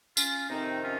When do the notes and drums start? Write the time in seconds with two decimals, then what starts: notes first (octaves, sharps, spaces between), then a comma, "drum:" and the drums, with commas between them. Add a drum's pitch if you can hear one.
0.17 C#4 F4, drum: tambourine
0.50 F2 C3 D#3 C4 D#4
0.83 C#4 F4